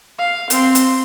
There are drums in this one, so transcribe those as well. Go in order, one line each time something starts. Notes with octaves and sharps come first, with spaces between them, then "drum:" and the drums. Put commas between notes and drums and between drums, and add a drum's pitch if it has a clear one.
F5
C4 C6, drum: hi-hat
drum: hi-hat